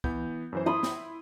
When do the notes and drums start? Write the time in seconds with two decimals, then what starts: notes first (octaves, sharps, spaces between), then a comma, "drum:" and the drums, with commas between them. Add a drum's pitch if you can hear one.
0.04 E3 B3 G6, drum: kick
0.53 F#2 E3 C5
0.66 E4 B5 C6 D#6
0.83 drum: snare